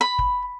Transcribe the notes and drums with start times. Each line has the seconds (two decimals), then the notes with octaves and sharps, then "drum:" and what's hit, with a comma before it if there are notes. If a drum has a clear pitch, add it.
0.01 B5
0.19 drum: kick